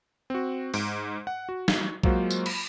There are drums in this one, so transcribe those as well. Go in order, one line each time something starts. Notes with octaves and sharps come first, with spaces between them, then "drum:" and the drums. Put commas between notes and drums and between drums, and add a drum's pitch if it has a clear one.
C4 F#4
G#2 D7, drum: open hi-hat
F#5
F#4
drum: snare
F#3 G#3 A#3 F4 F#4 C5, drum: kick B1
drum: tambourine
B5, drum: cymbal